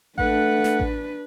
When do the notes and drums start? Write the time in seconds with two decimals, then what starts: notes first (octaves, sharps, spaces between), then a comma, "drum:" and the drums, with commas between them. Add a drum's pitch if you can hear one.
0.18 A3 D4 B4 F#5, drum: kick A1
0.64 drum: snare
0.80 drum: kick A1